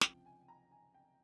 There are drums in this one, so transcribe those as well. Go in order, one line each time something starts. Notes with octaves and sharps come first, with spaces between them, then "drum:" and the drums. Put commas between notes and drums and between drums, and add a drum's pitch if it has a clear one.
C#2 C3 F3 G5, drum: snare
G#5
A#5
G#5
G5